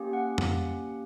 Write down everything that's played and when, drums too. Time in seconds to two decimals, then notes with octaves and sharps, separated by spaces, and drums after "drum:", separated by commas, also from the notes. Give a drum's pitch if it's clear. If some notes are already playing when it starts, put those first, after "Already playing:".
Already playing: A#3 C#4 G4
0.13 F#5
0.38 drum: tom F2